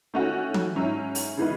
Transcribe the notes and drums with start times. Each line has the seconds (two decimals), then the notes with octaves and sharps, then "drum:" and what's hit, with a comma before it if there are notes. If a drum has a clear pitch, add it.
0.14 D#3 A3 C#4 F#4
0.54 drum: tom E3
0.75 G#2 F#3 C#4 E4
1.15 drum: open hi-hat
1.37 C#3 E3 G#3 B3